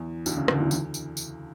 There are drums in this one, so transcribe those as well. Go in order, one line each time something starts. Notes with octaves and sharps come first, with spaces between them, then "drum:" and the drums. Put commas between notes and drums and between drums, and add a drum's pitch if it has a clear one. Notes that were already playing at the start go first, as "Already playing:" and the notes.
Already playing: E2 E3
D2 D3, drum: tambourine
C#3
D2 D3, drum: rim click
E2 E3
E3, drum: tambourine
drum: tambourine
drum: tambourine